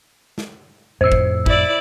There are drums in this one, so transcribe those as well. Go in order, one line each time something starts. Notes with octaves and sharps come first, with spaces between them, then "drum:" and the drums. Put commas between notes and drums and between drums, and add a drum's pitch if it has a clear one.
drum: snare
F2 A2 C5 E6
drum: kick
E4 D5, drum: kick